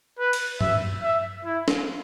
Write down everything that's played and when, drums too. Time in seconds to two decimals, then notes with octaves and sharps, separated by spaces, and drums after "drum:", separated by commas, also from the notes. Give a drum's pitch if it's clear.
0.19 B4
0.33 drum: cymbal
0.61 E5, drum: tom G2
1.02 E5
1.45 E4
1.68 drum: snare